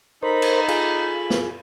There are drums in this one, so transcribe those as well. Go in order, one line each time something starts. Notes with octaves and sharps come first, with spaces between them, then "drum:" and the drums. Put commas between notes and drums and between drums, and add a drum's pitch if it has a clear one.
D#4 A4 A#4 C5 B5
drum: cymbal
F4 G#4, drum: cymbal
drum: snare